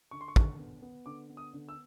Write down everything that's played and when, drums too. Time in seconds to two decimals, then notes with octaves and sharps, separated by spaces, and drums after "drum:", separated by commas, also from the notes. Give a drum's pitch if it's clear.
0.11 D3 C#6
0.21 C6
0.28 C#6
0.36 D3, drum: kick
0.59 B3
0.82 B3
1.06 D3 D6
1.30 B3
1.37 D#6
1.53 D3
1.69 E6